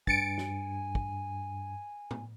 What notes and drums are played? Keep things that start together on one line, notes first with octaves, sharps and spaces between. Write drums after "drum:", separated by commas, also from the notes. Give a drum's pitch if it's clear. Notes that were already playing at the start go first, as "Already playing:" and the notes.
G2 G#5 A6 C#7 D7, drum: kick
drum: snare
drum: kick
drum: tom A2